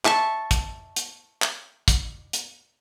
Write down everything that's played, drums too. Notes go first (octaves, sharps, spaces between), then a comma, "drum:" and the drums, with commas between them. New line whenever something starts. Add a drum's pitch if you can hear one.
E5 A5 C#6, drum: clap
drum: kick, hi-hat
drum: hi-hat
drum: clap
drum: kick, hi-hat
drum: hi-hat